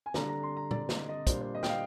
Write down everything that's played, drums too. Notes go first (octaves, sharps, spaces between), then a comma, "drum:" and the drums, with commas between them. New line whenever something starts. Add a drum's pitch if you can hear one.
G#5
D3 G3 D4 A#5, drum: snare
A#5
C6
A#5
D5, drum: tom A#2
D#5, drum: snare
D#5
A#2 G3 D4 C5, drum: kick, hi-hat
C5
D#5
G5, drum: snare
F5